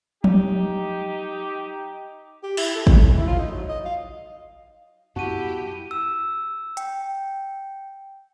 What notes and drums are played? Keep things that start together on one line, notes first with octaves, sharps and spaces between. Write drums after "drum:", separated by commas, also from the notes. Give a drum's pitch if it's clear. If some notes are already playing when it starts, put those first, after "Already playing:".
D#4 G4, drum: tom F3
G4
E4, drum: cymbal
A4
G#3, drum: kick
A4
E4
F4
D#4
F#3
D#5
F5
F#2 B3 E4 F#4 G4 A5 D#7
E6
G5, drum: hi-hat